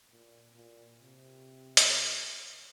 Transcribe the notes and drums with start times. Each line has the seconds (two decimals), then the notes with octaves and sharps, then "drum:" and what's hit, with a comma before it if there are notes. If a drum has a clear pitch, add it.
0.10 A#2
0.55 A#2
1.00 C3
1.77 drum: hi-hat